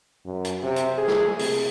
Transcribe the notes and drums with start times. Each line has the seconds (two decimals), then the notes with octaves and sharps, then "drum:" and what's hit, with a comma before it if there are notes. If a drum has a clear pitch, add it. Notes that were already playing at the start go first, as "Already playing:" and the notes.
0.25 F#2
0.45 drum: hi-hat
0.63 C3
0.76 drum: hi-hat
0.98 G#4
1.08 drum: snare
1.39 C3, drum: open hi-hat